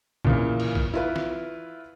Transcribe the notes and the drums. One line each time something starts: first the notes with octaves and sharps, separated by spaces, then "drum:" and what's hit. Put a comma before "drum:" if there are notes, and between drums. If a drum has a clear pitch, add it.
A#2 C#3 E3, drum: kick
drum: cymbal
drum: kick
E4 F4 B4
drum: snare